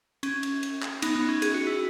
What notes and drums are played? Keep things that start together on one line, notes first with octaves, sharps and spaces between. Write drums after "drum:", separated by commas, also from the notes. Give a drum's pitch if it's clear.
C#4, drum: cymbal
drum: cymbal
drum: cymbal
drum: clap
B3 D#4, drum: cymbal
B3
C#4
G#4, drum: cymbal
F#4
E4